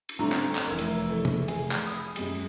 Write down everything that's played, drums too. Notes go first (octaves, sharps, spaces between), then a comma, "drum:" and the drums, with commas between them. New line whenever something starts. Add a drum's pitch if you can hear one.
drum: cymbal
A2 D3 G3 C4 C#4 A#5
drum: clap
drum: clap
F1 E3 A#4 E6 G#6
drum: cymbal
E3 A3
drum: tom C3
G#4, drum: cymbal
drum: clap
B5 D#6
F#2 G#3 G4, drum: cymbal